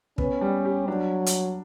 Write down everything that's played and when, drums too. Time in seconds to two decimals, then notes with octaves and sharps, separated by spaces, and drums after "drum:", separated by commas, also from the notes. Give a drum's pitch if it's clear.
0.18 B3 C#4, drum: kick
0.41 G3
0.65 G4
0.87 F#3 D4
1.26 drum: hi-hat